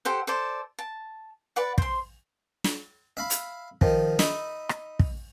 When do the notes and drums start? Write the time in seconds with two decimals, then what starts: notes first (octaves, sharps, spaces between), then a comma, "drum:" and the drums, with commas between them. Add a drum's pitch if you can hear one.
0.05 G4 A4 C5 F#5
0.27 A4 C5 D5
0.79 A5
1.56 B4 D5 F#5
1.78 C5 C6, drum: kick
2.64 drum: snare
3.17 E5 F5 B5
3.30 drum: hi-hat
3.81 D#3 F3, drum: kick
4.19 D#4 E5 B5, drum: snare
4.69 drum: rim click
4.99 drum: kick